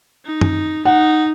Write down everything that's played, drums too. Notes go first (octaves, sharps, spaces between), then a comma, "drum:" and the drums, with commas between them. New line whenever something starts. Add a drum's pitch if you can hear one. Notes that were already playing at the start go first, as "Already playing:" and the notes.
D#4
drum: tom F#2
D#4 F#5